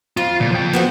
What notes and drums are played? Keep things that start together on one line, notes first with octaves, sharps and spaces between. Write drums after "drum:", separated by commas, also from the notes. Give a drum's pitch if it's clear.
F2 F4
A#2, drum: tom C3
F3 G5
B3 F#4 C5